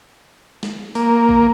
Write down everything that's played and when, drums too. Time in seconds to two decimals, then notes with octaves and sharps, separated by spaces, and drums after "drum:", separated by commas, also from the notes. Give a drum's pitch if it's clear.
0.63 drum: snare
0.95 A#3, drum: open hi-hat
1.29 drum: kick A1